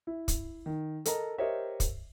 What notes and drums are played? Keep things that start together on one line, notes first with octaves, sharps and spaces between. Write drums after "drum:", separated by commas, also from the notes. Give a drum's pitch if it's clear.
E4
drum: kick, hi-hat
D#3
A4 A#4 D#5 A#5, drum: hi-hat
G4 A#4 C5 C#5 D#5 E5
drum: kick, hi-hat